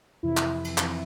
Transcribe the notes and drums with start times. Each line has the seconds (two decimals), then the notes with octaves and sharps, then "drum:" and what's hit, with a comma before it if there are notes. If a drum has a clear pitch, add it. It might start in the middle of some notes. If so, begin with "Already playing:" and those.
0.23 F2 C3 E3 E4
0.37 drum: clap
0.64 drum: cymbal
0.78 F2 C3 E3, drum: clap